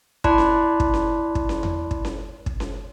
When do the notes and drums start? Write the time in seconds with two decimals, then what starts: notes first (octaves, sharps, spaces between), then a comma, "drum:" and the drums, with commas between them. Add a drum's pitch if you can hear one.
0.24 E4 D5 A5 B5 C6 F#6, drum: kick
0.38 drum: snare C#4
0.80 drum: kick
0.94 drum: snare C#4
1.35 drum: kick
1.49 drum: snare C#4
1.63 drum: tom E2
1.91 drum: kick
2.05 drum: snare C#4
2.46 drum: kick
2.60 drum: snare C#4